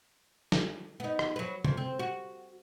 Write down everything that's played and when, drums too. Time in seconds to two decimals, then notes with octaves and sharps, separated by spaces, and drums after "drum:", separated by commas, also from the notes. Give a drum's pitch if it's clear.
0.52 drum: snare
1.00 B3 D#4
1.19 drum: rim click
1.36 F#3 B4
1.65 F2, drum: tom C3
1.77 C4
1.99 F#4